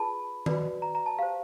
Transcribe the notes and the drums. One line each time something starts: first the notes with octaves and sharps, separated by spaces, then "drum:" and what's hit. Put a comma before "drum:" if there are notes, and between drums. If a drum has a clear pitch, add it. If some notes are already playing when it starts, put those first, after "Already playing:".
Already playing: F4 G#4 B4 A5 B5
F#4 B4 D5, drum: tom D#3
A#5
A#5
A5
G4 C5 F5